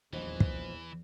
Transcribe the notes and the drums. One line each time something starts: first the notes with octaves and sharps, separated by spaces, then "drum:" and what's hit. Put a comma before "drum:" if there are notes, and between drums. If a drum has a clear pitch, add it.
D#1 A#1 E2 E3 F3 D#4 F#4
drum: kick